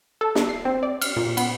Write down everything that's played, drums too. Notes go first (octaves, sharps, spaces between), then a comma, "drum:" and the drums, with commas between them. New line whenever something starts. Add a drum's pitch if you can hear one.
A4
drum: snare
C7
C4
D5
F6, drum: cymbal
A#2
B3, drum: cymbal